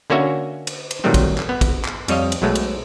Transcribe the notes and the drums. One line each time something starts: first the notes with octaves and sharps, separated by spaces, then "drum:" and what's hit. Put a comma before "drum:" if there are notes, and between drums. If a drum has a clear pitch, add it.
D3 A#3 C#4 F#4 E5 G#5
drum: cymbal
drum: cymbal
A#2 D#3 F#3 G3 A3 C4
drum: kick, cymbal
drum: clap
B3
drum: kick, cymbal
drum: clap
F2 G3 C#5 D#5 F5, drum: cymbal
drum: cymbal
B1 F#3 G#3 A3
drum: cymbal